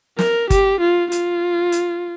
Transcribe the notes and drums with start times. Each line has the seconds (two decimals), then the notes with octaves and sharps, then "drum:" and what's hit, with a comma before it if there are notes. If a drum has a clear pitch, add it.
0.19 A#4, drum: snare
0.50 G4, drum: kick G1, hi-hat
0.80 F4
1.12 F4, drum: hi-hat
1.72 drum: hi-hat